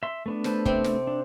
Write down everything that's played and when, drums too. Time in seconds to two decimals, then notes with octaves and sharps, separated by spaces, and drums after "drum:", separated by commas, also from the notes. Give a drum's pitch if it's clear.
0.03 E5 C6
0.26 A3 B3 D4
0.44 A4 B4 C5, drum: snare
0.65 C3 C4 G5, drum: kick
0.84 drum: snare
1.07 D4